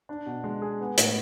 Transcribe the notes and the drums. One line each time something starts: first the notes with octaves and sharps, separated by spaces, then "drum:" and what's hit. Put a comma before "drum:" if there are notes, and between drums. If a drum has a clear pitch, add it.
D4
B2
G#3
G#4
B3
A2, drum: hi-hat